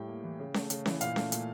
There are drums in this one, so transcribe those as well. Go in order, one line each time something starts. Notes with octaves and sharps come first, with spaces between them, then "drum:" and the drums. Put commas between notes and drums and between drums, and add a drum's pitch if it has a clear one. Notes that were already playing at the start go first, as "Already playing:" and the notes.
Already playing: A2 G3 G5
A#3
E3
C#3
A3, drum: snare C#4
C#3, drum: hi-hat
E3, drum: snare C#4
A#2 F5, drum: hi-hat
A3, drum: snare C#4
A#2, drum: hi-hat